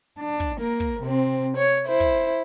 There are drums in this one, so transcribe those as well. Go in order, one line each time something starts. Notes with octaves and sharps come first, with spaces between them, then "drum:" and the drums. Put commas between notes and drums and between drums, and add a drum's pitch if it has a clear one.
D4
drum: kick
A#3 A#4
drum: kick
C3 C4
C#5
E4 C5
drum: kick